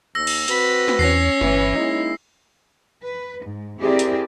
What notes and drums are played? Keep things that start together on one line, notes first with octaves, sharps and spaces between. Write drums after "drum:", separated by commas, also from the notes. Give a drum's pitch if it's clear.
D#2 E6 A#6
drum: cymbal
C4 F#4 B4 B5, drum: hi-hat
drum: snare
E2 C#4 C#5 A#6 C7
G1 E3, drum: snare
G#3 A#3 D#4 E4
B4
G#2
C4 E4 G4 G#4 A#4 D5
drum: hi-hat